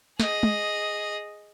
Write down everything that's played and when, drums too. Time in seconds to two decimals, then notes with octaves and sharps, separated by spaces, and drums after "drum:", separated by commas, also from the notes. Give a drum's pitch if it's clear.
0.20 G#4 D#5, drum: snare
0.43 drum: tom